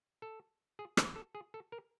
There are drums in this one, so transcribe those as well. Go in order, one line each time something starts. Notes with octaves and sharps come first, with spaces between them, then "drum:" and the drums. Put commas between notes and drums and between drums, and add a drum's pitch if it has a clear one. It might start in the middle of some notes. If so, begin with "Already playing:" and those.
A4
G#4
A4, drum: rim click
A4
G#4
A4
A#4